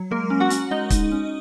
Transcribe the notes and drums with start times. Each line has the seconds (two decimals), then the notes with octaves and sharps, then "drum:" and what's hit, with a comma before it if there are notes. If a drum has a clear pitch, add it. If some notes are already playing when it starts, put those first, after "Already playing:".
Already playing: F#3
0.11 G#3 A#3 A#4
0.30 C#4
0.40 F#4 F#5
0.50 C#4, drum: hi-hat
0.71 G#3 D#4 D#5
0.90 G#3, drum: kick, hi-hat
1.11 C#4